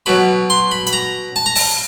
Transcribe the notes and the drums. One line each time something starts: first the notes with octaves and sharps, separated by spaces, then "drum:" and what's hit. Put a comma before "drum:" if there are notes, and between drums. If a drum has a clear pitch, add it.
B2 F#3 B5
C6
B5
B5, drum: hi-hat
A#5
A5
A#5
A5, drum: open hi-hat